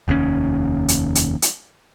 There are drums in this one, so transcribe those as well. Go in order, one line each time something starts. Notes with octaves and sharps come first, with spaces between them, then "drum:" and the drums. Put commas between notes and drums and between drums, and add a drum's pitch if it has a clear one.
F1 D#2 A2 C#4
drum: hi-hat
drum: hi-hat
drum: hi-hat